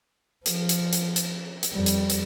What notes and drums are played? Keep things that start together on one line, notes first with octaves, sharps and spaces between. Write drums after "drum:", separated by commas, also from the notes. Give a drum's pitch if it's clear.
F3, drum: hi-hat
drum: hi-hat
drum: hi-hat
drum: hi-hat
drum: hi-hat
F2 G3
drum: hi-hat
drum: hi-hat